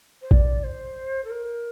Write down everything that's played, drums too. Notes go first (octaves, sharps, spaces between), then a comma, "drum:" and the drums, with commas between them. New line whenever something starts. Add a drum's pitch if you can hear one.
C5
D5, drum: kick A#1
C5
A4
A#4